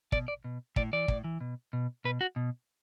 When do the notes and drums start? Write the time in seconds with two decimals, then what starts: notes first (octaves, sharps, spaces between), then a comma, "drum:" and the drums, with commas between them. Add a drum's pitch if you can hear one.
0.12 B2 D5, drum: kick
0.28 D5
0.44 B2
0.76 A2 D5, drum: kick
0.93 E3 D5
1.08 A2, drum: kick
1.24 E3
1.41 B2
1.73 B2
2.05 B2 B4
2.21 F#4
2.36 B2